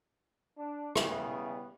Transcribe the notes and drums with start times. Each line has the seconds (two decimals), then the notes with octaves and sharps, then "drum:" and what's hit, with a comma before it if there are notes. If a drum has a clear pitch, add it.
0.58 D4
0.96 C#3 E3 G3 B3, drum: rim click